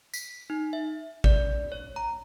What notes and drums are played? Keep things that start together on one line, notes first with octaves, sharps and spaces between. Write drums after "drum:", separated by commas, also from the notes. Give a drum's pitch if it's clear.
B6, drum: tambourine
D#4
E5
D5, drum: kick G#1
C#5
A#5